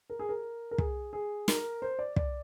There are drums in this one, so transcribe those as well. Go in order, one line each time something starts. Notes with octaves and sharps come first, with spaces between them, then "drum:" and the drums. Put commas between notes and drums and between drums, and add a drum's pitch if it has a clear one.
A#4
G#4
A#4
A#4
G#4, drum: kick
G#4
A#4, drum: snare
C5
D5
D5, drum: kick